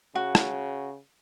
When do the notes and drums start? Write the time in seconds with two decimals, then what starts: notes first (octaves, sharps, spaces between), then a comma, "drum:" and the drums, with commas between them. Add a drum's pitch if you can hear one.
0.15 C#3 F#4
0.35 drum: rim click